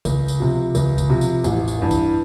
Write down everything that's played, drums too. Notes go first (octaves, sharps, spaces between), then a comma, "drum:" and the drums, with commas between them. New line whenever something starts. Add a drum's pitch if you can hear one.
C#2, drum: kick, tambourine
drum: tambourine
C3 F3
C#2, drum: tambourine
drum: kick, tambourine
C3 F3
drum: tambourine
A1, drum: tambourine
drum: tambourine
G2 E3
drum: kick, tambourine